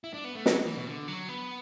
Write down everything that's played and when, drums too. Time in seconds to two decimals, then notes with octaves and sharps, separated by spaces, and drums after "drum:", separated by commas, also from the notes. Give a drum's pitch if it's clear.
0.04 E4
0.14 D4
0.25 B3
0.35 A3
0.46 F#3, drum: snare
0.66 E3
0.76 B2
0.87 D3
1.08 F#3
1.29 B3